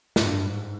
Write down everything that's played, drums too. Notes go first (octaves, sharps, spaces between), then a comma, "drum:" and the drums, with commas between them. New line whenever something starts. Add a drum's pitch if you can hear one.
G2, drum: snare
G#2